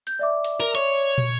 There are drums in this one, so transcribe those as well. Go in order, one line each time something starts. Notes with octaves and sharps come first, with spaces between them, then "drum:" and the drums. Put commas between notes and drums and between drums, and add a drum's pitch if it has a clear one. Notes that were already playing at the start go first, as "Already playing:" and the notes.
G6, drum: hi-hat
D5 E5 D6
drum: hi-hat
A#4
C#5
drum: tom